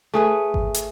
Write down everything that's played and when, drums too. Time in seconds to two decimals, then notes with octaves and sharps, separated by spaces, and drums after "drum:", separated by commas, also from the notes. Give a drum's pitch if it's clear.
0.14 A3 G#4 B4
0.54 drum: kick G#1
0.74 drum: hi-hat